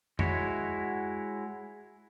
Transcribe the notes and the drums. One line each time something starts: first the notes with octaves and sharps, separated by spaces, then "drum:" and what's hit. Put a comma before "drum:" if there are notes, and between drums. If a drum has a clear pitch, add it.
G#3 E4 F#4 C#5, drum: tom F2